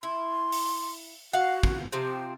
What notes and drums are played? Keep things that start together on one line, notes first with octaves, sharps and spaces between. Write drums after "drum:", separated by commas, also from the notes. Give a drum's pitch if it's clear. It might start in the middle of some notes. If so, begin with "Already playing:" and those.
E4 C6
drum: open hi-hat
F#4 F5 F#5
drum: kick
C3 F3 C4 G4